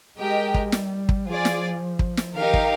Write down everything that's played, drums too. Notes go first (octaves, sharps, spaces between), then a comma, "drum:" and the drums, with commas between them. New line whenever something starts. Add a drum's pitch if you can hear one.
G#3 G4 A#4 D#5 G5
drum: kick
G3, drum: snare
drum: kick
F3 F4 G#4 D5
drum: snare
drum: kick
drum: snare
D#3 D#4 G4 A#4 F5
drum: kick